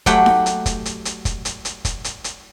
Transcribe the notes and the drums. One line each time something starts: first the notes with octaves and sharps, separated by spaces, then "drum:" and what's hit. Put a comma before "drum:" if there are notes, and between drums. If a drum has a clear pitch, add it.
F#3 A3 G4 F#5 G5 B5, drum: kick, hi-hat
drum: snare D#4
drum: hi-hat
drum: kick, hi-hat
drum: hi-hat
drum: hi-hat
drum: kick, hi-hat
drum: hi-hat
drum: hi-hat
drum: kick, hi-hat
drum: hi-hat
drum: hi-hat